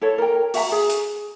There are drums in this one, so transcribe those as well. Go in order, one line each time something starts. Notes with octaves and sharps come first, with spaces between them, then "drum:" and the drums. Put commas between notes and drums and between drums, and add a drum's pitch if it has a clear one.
E4 A4 C#5
A#4 G5
F#4 E5 G5 A#5, drum: open hi-hat
G#4
drum: hi-hat